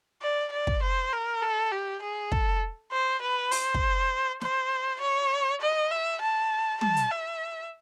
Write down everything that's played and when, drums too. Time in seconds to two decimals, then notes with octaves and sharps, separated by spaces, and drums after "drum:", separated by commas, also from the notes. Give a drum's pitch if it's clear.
0.22 D5
0.52 D5
0.67 drum: kick
0.82 C5
1.13 A#4
1.42 A4
1.72 G4
2.02 G#4
2.32 A4, drum: kick
2.92 C5
3.22 B4
3.51 C5, drum: open hi-hat
3.74 drum: kick
4.41 C5, drum: snare
5.01 C#5
5.61 D#5
5.91 E5
6.21 A5
6.81 A5, drum: tom
6.96 drum: hi-hat
7.11 E5